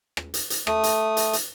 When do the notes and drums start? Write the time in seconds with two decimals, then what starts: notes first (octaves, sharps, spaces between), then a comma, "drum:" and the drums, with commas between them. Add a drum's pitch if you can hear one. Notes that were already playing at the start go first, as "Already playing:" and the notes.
0.17 drum: rim click
0.34 drum: hi-hat
0.50 drum: hi-hat
0.67 A3 D#6, drum: rim click
0.83 drum: hi-hat
1.17 drum: hi-hat
1.33 drum: hi-hat